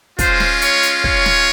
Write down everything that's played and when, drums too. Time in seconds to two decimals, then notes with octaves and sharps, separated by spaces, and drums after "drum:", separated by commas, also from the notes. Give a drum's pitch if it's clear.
0.19 G#3 C#4 F4 C5, drum: kick, hi-hat
0.40 drum: snare
0.61 C#5, drum: hi-hat
0.83 drum: hi-hat
1.04 C#5, drum: kick
1.26 drum: snare